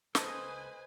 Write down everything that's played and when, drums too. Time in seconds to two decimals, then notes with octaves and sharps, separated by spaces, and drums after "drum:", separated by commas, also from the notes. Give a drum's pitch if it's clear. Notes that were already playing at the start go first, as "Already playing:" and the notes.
0.15 C#2 A4 B4 C5 D#5 G#5 A5, drum: snare